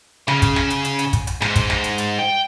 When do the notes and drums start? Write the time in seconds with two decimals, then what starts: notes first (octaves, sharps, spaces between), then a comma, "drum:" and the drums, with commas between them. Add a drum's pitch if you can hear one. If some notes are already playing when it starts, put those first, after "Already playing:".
0.28 C#3, drum: snare
0.42 drum: kick, hi-hat
0.56 drum: snare
0.70 drum: hi-hat
0.85 drum: hi-hat
0.99 drum: hi-hat
1.13 drum: kick, hi-hat
1.27 drum: hi-hat
1.42 G#2, drum: snare
1.56 drum: kick, hi-hat
1.70 drum: snare
1.84 drum: hi-hat
1.98 drum: hi-hat
2.19 G5